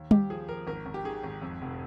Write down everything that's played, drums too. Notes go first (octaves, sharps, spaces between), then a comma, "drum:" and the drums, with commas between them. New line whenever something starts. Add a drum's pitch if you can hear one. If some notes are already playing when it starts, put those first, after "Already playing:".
Already playing: D#2
D#2 G4, drum: tom G3
F3 G#4
F3 A#4
G#1 A#4
G#1
G4
D#3 G#4
G#1
F2
F1